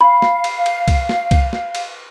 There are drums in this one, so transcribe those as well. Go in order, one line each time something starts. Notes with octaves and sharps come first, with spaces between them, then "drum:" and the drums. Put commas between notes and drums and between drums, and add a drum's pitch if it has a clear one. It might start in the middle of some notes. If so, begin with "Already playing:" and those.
F5 B5
drum: snare
drum: cymbal
drum: cymbal
drum: kick C2, cymbal
drum: snare
drum: kick C2, cymbal
drum: snare
drum: cymbal